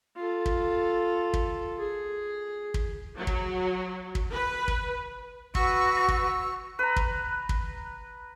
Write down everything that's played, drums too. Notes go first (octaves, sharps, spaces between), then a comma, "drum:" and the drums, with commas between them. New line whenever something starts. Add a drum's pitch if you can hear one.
F4 A4
drum: kick
drum: kick
G#4
drum: kick
F#3
drum: kick
drum: kick
B4
drum: kick
F#4 B4 C#6 E6, drum: kick
drum: kick
B4 A#5
drum: kick
drum: kick